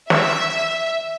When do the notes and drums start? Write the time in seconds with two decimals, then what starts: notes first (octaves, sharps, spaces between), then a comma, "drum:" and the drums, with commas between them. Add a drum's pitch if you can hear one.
0.10 E5, drum: snare